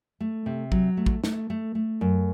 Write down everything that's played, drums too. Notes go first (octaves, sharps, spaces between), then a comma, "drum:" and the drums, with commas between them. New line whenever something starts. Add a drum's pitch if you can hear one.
A3
C3
F#3, drum: kick
A3
drum: kick
A3, drum: snare
A3
A3
F#2